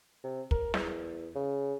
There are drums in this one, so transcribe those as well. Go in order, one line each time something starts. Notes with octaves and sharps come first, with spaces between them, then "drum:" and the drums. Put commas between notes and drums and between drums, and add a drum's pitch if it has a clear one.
C3
A#4, drum: kick
E2, drum: snare
C#3